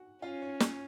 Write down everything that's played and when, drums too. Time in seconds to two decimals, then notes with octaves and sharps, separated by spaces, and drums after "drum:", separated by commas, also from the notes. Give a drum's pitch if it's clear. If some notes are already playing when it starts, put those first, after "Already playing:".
Already playing: F#4 F#5
0.22 C#4 F4 F5
0.42 C#5
0.60 C#5, drum: snare